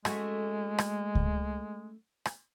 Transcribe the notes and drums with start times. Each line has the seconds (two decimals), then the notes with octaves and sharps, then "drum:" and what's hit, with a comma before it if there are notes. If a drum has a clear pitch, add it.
0.05 G#3 A3 C#4 F#4, drum: rim click
0.78 drum: rim click
1.15 drum: kick C#2
2.26 drum: rim click